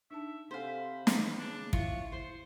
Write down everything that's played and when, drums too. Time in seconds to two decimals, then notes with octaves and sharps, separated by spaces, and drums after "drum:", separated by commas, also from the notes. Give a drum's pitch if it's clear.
0.11 D4 D#4 E5 A5
0.51 C3 A4 C5 F5 F#5 G#5 B5
1.07 D#3 E3, drum: snare
1.39 C#3 D4 A5
1.73 E4 F4 C#5 C#6, drum: kick
2.12 C5 C6